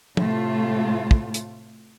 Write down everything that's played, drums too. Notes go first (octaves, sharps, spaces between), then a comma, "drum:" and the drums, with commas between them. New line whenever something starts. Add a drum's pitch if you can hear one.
A2 C3 A3 F4, drum: tom
drum: kick
drum: hi-hat